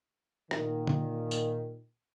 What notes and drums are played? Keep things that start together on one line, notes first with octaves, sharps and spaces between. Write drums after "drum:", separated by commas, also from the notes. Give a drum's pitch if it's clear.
A#2 D#3, drum: rim click
drum: tom D3
drum: tambourine